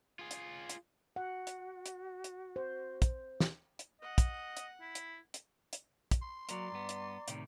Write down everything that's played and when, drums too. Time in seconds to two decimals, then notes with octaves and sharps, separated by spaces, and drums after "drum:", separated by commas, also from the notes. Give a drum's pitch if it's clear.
0.19 F4 G#4
0.31 drum: hi-hat
0.69 drum: hi-hat
1.16 F#4 F#5
1.47 drum: hi-hat
1.86 drum: hi-hat
2.24 drum: hi-hat
2.56 C5
3.02 drum: kick, hi-hat
3.40 drum: snare
3.79 drum: hi-hat
4.02 D#5 F#5
4.18 drum: kick, hi-hat
4.57 drum: hi-hat
4.81 E4
4.95 drum: hi-hat
5.34 drum: hi-hat
5.73 drum: hi-hat
6.11 drum: kick, hi-hat
6.22 C6
6.49 F#3 A#3 D5 A#5 D6, drum: hi-hat
6.71 G2 B3
6.89 drum: hi-hat
7.28 A2 C3 D#3, drum: hi-hat